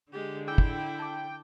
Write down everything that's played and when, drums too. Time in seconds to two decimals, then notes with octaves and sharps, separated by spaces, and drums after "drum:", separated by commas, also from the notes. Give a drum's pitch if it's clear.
0.13 D3 G#3 G4
0.47 E4 G#4 G5 D6 E6
0.58 drum: kick
0.99 A5 D6